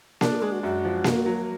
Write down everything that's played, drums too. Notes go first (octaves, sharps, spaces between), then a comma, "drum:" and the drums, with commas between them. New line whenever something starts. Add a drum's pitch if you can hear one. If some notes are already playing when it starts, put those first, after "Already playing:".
D4 A#4, drum: snare A#3
G#4
A#4
G#3 G#4
F#4
F#2 F#4
F3
A#3, drum: snare A#3
F#3